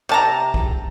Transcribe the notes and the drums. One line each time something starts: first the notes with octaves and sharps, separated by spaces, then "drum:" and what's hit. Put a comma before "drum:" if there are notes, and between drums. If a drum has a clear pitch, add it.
C3 A5 A#5
drum: kick B1